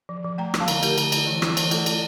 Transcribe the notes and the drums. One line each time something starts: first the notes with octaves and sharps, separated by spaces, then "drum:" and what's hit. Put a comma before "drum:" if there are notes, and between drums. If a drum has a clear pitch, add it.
F3
F3
A3 G5 A#5
F3, drum: rim click
F5 A5
D3, drum: cymbal
A3 G4 A#4, drum: cymbal
D3, drum: cymbal
A3, drum: cymbal
E3
E4, drum: rim click
E3, drum: cymbal
A3 F4 A4, drum: cymbal
E4, drum: cymbal